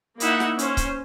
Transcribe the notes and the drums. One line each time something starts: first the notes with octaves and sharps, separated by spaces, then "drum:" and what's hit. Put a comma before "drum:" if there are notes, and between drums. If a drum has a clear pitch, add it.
A#3 D#4 E4 E5 F#5, drum: hi-hat
drum: snare
C#4 C5, drum: hi-hat
drum: kick C#1, hi-hat